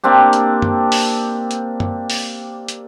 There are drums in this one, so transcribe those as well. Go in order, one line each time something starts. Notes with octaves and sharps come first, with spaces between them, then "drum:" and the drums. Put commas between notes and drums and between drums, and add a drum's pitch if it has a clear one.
A#3 C4 D4 G4
drum: hi-hat
drum: tom F#2
drum: open hi-hat
drum: hi-hat
drum: tom F#2
drum: open hi-hat
drum: hi-hat